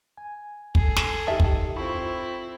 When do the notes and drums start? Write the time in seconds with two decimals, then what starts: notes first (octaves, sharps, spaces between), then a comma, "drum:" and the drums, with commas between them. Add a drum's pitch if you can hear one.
0.18 G#5
0.75 G#4 A4, drum: kick
0.96 drum: snare
1.27 D#3 G4 E5 A5
1.40 drum: kick
1.76 C4 E4 F4 B5 C#6